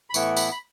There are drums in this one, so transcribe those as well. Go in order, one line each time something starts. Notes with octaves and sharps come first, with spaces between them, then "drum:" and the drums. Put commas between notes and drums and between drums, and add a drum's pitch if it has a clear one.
B5
A2 E3 B3 E4 C#6, drum: tambourine
B5, drum: tambourine
B5